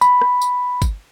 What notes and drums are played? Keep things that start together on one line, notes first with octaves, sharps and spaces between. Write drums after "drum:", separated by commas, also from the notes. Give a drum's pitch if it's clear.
B5, drum: tambourine
drum: rim click
drum: tambourine
drum: kick G1, tambourine